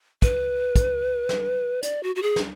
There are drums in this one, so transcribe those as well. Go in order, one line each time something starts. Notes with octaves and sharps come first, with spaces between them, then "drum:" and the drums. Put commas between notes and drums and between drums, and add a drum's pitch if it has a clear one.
B4, drum: kick, hi-hat
drum: kick, hi-hat
drum: snare
D5, drum: hi-hat
F#4
F#4
G#4
drum: snare